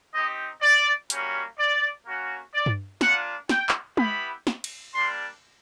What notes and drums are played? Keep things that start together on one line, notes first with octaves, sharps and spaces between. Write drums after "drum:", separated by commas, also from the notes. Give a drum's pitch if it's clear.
C4 D#4 G4 D#5
D5
G3 A#3 C#4 F#4, drum: hi-hat
D5
A#3 C#4 F#4
D5
drum: tom G2
A#3 D4 F4 F#5, drum: snare
G5, drum: snare
drum: clap
B3 E4 G4 B5, drum: tom
drum: snare
drum: cymbal
G3 A#3 D4 C6